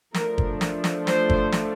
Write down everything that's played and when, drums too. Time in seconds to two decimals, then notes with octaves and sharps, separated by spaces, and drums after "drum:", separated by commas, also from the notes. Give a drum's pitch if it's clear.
0.14 F3 A3 D4 A#4, drum: snare
0.38 drum: kick
0.61 drum: snare
0.84 drum: snare
1.07 C5, drum: snare
1.30 drum: kick
1.52 drum: snare